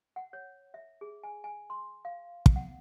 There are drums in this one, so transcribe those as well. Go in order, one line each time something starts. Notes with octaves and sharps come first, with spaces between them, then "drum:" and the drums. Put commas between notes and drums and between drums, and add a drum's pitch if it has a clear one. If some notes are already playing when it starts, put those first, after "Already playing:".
F#5
C#5
E5
G#4
G#5
G#5
C6
F5
drum: kick
F#5